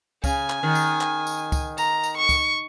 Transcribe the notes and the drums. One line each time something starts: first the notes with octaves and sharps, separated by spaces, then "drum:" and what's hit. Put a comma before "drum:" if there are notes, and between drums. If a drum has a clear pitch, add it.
C#3 G#5, drum: kick C#2, tambourine
drum: clap
D#3
drum: tambourine
drum: clap
drum: tambourine
drum: kick C#2, tambourine
A#5, drum: tambourine
drum: tambourine
C#6
drum: kick C#2, tambourine